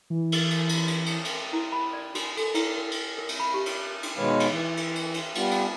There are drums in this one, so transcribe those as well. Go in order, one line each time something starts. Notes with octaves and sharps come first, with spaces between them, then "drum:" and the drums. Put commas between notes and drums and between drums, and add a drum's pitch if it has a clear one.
E3
drum: cymbal
drum: cymbal
drum: cymbal
drum: cymbal
drum: cymbal
drum: cymbal
E4
B5
D5
F#4, drum: cymbal
A4, drum: cymbal
E4, drum: cymbal
A#4
drum: cymbal
A#4
drum: cymbal
B5
G4
drum: cymbal
drum: cymbal
B2 D#3 G#3 B4 C#5 F5
drum: cymbal
E3
drum: cymbal
drum: cymbal
drum: cymbal
G3 B3 F4, drum: cymbal
drum: cymbal